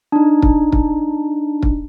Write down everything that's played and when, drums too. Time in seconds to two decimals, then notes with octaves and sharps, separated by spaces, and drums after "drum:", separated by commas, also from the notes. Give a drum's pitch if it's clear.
0.12 D4 D#4
0.42 drum: kick
0.72 drum: kick
1.63 drum: kick